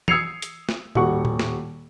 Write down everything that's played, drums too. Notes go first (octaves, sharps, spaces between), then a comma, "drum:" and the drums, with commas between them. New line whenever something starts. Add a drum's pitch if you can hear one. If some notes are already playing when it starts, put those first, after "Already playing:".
D#6 E6 G#6 C7 C#7 F7, drum: tom E3
drum: hi-hat
drum: snare
D#1 G3 F#4 F#5 C#6, drum: tom A2
drum: tom A2
drum: snare